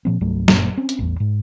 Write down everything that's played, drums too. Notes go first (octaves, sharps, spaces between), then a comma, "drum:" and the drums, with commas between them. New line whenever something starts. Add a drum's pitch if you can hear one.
A#2 F3 C4
C2 G2 F#3 A3
G1 F#2 A#2 A#3, drum: snare
C4 C#4
drum: hi-hat
A1 E2
G#2